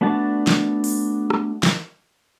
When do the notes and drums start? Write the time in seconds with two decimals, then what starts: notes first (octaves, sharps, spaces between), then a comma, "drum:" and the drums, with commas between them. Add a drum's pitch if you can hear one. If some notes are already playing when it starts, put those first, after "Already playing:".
0.01 A3 B3 D4 F#4 A5
0.47 drum: snare
0.84 drum: open hi-hat
1.30 drum: rim click
1.63 drum: snare